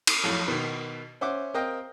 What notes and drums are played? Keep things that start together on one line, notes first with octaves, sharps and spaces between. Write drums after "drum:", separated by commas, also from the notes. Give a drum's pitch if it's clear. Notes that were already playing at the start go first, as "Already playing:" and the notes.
drum: cymbal
F2 A2 F#3
B2 D#3
C#4 C5 E5 F#5 D6
C4 A#4 C5 D#5 F5 G5